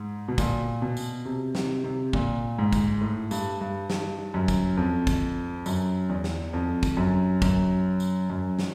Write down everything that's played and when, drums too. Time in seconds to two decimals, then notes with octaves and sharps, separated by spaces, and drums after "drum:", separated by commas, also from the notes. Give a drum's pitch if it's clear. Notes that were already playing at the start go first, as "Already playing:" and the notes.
Already playing: G#2
0.28 B2
0.38 A#2, drum: kick, tambourine
0.82 B2
0.97 drum: tambourine
1.25 C3
1.55 C3, drum: snare
1.84 C3
2.13 A#2, drum: kick
2.58 G#2
2.73 drum: kick, tambourine
3.01 A2
3.31 G2, drum: tambourine
3.61 G2
3.90 G2, drum: snare
4.34 F#2
4.48 drum: kick, tambourine
4.77 F2
5.07 drum: kick, tambourine
5.66 F#2, drum: tambourine
6.09 E2
6.24 drum: snare
6.53 F2
6.83 drum: kick, tambourine
6.97 F#2
7.42 F#2, drum: kick, tambourine
8.00 drum: tambourine
8.30 F#2
8.59 drum: snare